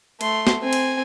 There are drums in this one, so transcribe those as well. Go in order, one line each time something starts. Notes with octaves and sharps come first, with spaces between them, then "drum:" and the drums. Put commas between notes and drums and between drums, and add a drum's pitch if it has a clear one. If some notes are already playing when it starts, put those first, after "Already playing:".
A3 C6, drum: cymbal
drum: snare
C4 G#5
drum: cymbal